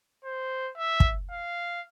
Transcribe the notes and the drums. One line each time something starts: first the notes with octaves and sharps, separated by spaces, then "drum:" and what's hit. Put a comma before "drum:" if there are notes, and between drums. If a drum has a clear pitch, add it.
C5
E5
drum: kick
F5